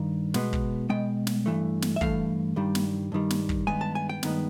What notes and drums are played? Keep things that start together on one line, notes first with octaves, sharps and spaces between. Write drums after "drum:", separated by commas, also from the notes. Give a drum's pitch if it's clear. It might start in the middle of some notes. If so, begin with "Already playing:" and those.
Already playing: G2 D#3
B2 G#3 B3, drum: snare
drum: kick
B2 G#3 B3 G5
drum: snare
G2 E3 A3
drum: snare
E5
G2 E3 A3 F5, drum: kick
G2 D#3 G3
drum: snare
G2 D#3 G3
drum: snare
drum: kick
G2 D#3 G#3 B3 G#5
A5
G#5
G5
G2 D#3 G#3 B3, drum: snare